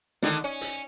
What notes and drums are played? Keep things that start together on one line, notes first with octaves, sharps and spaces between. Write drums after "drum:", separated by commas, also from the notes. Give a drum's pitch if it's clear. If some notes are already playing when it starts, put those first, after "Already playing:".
D3 D#3, drum: snare
C#4
drum: hi-hat